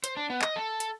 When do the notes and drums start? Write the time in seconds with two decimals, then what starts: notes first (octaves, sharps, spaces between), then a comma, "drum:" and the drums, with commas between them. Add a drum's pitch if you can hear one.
0.04 C5, drum: hi-hat
0.17 D4
0.30 B3
0.42 D#5, drum: clap
0.56 A4
0.80 drum: hi-hat